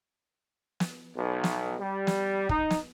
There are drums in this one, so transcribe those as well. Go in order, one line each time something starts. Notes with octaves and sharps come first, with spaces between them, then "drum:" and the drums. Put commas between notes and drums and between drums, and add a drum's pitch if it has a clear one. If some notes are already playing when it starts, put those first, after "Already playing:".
drum: snare
B1
drum: snare
G3
drum: snare
D#4, drum: kick
drum: snare